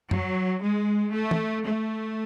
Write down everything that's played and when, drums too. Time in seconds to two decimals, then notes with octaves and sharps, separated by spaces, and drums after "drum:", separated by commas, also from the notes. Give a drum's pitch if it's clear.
0.11 F#3, drum: tom F#2
0.62 G#3
1.12 A3
1.31 drum: tom
1.64 A3